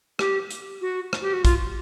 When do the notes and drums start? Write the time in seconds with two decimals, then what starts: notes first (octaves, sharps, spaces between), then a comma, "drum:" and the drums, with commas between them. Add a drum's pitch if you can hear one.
0.19 G4, drum: rim click
0.51 drum: hi-hat
0.81 F#4
1.13 drum: rim click
1.22 G4
1.33 F#4
1.45 F4, drum: kick, hi-hat